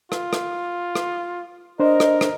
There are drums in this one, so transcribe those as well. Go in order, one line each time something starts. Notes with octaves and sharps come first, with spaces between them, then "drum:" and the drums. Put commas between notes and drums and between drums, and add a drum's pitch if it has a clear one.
F4, drum: rim click
drum: rim click
drum: rim click
D4 A#4 C5 D#5
drum: rim click
drum: rim click